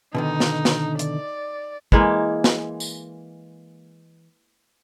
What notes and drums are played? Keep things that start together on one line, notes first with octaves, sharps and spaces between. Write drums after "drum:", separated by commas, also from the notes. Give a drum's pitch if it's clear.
B2 D3 D#3 D#4
drum: snare
drum: snare
D5, drum: hi-hat
E3 G#3 A#3, drum: kick
drum: snare
drum: tambourine